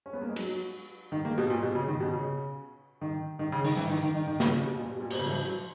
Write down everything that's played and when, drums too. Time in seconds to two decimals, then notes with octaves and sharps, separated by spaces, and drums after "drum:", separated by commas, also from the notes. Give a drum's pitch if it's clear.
0.06 C#4
0.13 B3
0.21 A#3
0.29 G#3
0.36 F#3, drum: cymbal
1.12 D#3
1.25 A#3
1.38 B2
1.50 A#2
1.63 B2
1.75 C#3
1.88 D#3
2.00 B2
2.13 C#3
3.01 D#3
3.39 D#3
3.52 C#3
3.64 D#3, drum: open hi-hat
3.77 E3
3.90 D#3
4.03 D#3
4.15 D#3
4.27 D#3
4.40 C#3, drum: snare
4.53 C#3
4.66 B2
4.78 A#2
4.91 B2
5.01 A#2
5.10 B2, drum: cymbal
5.19 C#3
5.25 F#3
5.29 E3
5.41 F#3